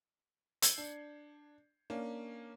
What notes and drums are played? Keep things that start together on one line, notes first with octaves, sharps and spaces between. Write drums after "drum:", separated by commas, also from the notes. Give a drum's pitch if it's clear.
E6 G6 G#6 C7 C#7 F#7, drum: hi-hat
D4
A#3 C#4 D4